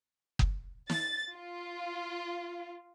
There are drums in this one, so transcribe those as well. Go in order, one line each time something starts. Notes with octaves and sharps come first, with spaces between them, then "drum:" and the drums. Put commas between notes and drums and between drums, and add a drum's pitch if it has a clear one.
drum: kick F#1
A6, drum: snare
F4